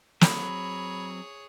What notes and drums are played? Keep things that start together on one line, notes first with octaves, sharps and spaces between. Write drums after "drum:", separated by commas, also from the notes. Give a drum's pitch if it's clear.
F#3 C4 G#4 C#5 B5, drum: snare